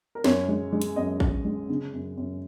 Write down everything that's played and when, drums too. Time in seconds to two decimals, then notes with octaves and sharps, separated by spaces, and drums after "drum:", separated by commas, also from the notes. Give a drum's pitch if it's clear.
0.15 A#4
0.24 F#2 C#5, drum: snare
0.48 G#3
0.73 G#3
0.82 drum: hi-hat
0.96 F#2 D#5
1.20 F#2, drum: kick
1.45 G#3
1.70 C#3
1.93 F#2
2.17 F#2